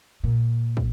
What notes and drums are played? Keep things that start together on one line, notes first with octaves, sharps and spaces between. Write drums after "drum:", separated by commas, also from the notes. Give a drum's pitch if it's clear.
A#2
drum: kick